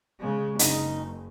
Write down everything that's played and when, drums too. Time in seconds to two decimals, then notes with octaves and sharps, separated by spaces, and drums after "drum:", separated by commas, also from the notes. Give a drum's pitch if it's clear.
0.19 C#3 G#3
0.59 F#1 C#3 D#4, drum: hi-hat